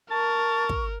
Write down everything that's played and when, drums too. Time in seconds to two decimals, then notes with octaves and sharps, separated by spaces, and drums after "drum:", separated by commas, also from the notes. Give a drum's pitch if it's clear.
0.11 A#4 A5 C#6
0.69 drum: kick